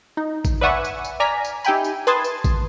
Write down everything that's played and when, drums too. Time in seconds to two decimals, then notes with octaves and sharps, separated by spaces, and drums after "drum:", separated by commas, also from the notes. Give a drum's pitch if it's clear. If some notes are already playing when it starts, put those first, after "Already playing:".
0.17 D#4
0.45 drum: kick A1, tambourine
0.61 B4 D5 E5 F#5 G#5 C#6
0.85 drum: tambourine
1.05 drum: tambourine
1.20 D5 G#5 A#5 F6 B6
1.45 drum: tambourine
1.65 D#4 G4 E5 G5 G#5 B5, drum: tambourine
1.84 drum: tambourine
2.07 B4 A5 C6 D#6 G#6 A6, drum: tambourine
2.24 drum: tambourine
2.44 drum: kick A1, tambourine